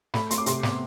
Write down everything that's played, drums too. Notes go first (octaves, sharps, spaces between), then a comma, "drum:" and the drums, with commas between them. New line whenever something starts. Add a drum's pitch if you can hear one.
A3 B5, drum: snare
A3 C6, drum: hi-hat
D6
C3 C6, drum: hi-hat
B3, drum: snare